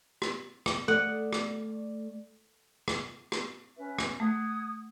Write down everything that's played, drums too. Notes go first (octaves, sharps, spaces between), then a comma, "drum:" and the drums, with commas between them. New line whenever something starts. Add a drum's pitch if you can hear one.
drum: rim click
drum: rim click
A3 A4 D5 F#5
drum: rim click
drum: rim click
drum: rim click
C#4 B4 E5
drum: rim click
A3 F#5 D#6 G#6